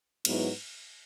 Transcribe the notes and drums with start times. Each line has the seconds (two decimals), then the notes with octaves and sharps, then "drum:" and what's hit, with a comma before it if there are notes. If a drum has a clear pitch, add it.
0.25 G#2 F#3 B3 E4 B4, drum: cymbal